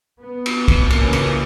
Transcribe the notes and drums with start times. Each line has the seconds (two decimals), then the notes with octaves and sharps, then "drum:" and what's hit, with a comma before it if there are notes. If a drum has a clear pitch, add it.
0.20 B3
0.46 drum: cymbal
0.68 drum: kick, cymbal
0.90 C#3 E3 A#3 C#4, drum: cymbal
1.13 drum: cymbal